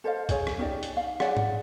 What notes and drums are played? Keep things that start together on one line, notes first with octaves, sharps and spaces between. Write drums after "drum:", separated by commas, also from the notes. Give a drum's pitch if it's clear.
A4 C5 D#5 F5
G#4 C#5 G#5, drum: kick B1, hi-hat
drum: rim click
C#4 D#4 G4 D5
drum: hi-hat
F5
G#4 C#5 D5 F#5, drum: rim click
drum: tom G#2